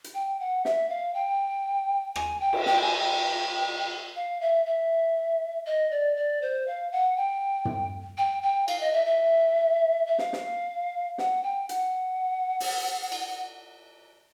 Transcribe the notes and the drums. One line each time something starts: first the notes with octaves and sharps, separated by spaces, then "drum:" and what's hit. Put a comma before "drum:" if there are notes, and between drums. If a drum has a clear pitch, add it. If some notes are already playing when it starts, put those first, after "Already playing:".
drum: hi-hat
G5
F#5
E5, drum: snare
F5
G5
G#5, drum: rim click
G5
drum: cymbal
G5, drum: snare
G#5
G5
F5
E5
E5
D#5
D5
D5
C5
F5
F#5
G5
drum: tom
G5
G5
F5, drum: cymbal
D#5
E5
E5
E5
F5, drum: snare
drum: snare
F#5, drum: snare
G5
F#5, drum: hi-hat
drum: open hi-hat
drum: cymbal